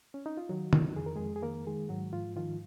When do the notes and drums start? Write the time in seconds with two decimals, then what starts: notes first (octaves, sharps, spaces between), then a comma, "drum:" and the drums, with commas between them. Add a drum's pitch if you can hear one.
0.14 C#4
0.26 D#4
0.37 F4
0.49 D#3 F#3 F#4
0.73 D#3, drum: tom
0.96 F2 G#4
1.06 A#4
1.16 F2 G#3 G#4
1.36 G#4
1.42 D#3 A#3 A#4
1.67 D#3 G#3 G#4
1.89 G#2 F#3 F#4
2.12 G#2 F3 F4
2.36 D#3 F3 F4